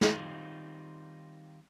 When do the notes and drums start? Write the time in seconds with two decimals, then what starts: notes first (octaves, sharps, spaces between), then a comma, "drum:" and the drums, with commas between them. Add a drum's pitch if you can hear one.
0.01 D#3 G3 B3 C4 D#4 F4, drum: snare